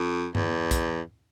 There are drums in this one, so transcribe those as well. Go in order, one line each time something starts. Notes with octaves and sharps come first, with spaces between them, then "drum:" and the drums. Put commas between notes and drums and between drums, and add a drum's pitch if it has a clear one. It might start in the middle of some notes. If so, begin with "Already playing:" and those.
Already playing: F2
E2, drum: tom G2
drum: kick B1, hi-hat